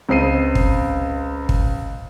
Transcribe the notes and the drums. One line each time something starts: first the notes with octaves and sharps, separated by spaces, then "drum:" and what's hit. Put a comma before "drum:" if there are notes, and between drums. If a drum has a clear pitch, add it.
C#2 C4 C7 D#7
drum: kick
drum: kick